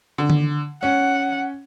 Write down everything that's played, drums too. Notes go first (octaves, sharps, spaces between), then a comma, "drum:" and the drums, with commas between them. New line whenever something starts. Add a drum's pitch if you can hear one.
D3
drum: tom
C#4 F#5